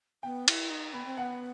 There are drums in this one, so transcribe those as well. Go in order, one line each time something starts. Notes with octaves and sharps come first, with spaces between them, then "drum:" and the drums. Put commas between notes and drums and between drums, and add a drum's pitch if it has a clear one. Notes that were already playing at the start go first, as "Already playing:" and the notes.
B3 G5
E4, drum: cymbal
D#4
B3 B5
C4
B3 F#5